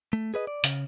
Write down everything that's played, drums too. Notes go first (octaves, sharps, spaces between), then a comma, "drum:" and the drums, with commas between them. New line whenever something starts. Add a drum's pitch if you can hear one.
A3
G#4 B4 D#5
D5
C#3, drum: hi-hat